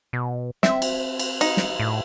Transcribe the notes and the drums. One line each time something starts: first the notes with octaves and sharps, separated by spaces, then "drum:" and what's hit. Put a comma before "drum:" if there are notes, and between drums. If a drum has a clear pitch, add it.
B2
C4 E5, drum: snare
drum: cymbal
drum: cymbal
D#4, drum: cymbal
drum: snare
A2